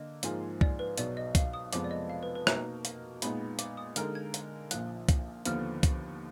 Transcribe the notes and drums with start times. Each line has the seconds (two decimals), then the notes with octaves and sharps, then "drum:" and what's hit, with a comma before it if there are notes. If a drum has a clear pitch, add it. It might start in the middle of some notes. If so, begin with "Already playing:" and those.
Already playing: D3 A#3 D#5
0.23 G#2 F3 A#3 F4 G#4, drum: hi-hat
0.61 D5, drum: kick
0.79 B4
0.98 B1 B2 F#3 D5, drum: hi-hat
1.17 D#5
1.35 F5, drum: kick, hi-hat
1.53 D#6
1.73 F1 F2 F3 G#3 B3 D6, drum: hi-hat
1.84 D5
1.91 D#5
2.09 F5
2.23 B4
2.35 B4
2.47 B2 A#3 D#4 A#4 A#5, drum: rim click
2.85 drum: hi-hat
3.22 A#2 G#3 B3 D#4 B5, drum: hi-hat
3.59 D6, drum: hi-hat
3.77 D#6
3.96 D3 G#3 D#4 A#4 F6, drum: hi-hat
4.15 G#6
4.34 drum: hi-hat
4.71 A#1 A#2 F3 F#6, drum: hi-hat
5.09 drum: kick, hi-hat
5.45 D#2 D3 F3 B3 F6, drum: hi-hat
5.83 drum: kick, hi-hat